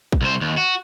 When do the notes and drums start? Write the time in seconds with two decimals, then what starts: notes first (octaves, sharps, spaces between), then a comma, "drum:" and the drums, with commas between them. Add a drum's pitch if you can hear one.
0.12 drum: kick
0.21 C2 C5
0.41 D#2
0.57 F#4